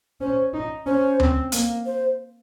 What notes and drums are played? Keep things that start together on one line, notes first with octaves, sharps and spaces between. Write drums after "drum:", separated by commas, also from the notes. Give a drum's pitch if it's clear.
C#4 C5
D#4
C#4 C5
C4, drum: tom D2
A#3, drum: hi-hat
C5